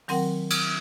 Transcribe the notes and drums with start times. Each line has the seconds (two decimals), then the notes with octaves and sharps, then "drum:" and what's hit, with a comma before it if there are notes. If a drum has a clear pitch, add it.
0.08 D#3 F#3 C4 A#4 F#5 G5, drum: open hi-hat
0.50 drum: cymbal